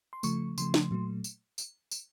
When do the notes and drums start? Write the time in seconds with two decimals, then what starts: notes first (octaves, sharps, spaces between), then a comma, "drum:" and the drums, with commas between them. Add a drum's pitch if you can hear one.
0.13 C6
0.23 C#3 F3 A3 C#6, drum: tambourine
0.58 C#3 F3 A3 C6, drum: tambourine
0.74 drum: snare
0.91 A#2 F#3 A3
1.24 drum: tambourine
1.58 drum: tambourine
1.91 drum: tambourine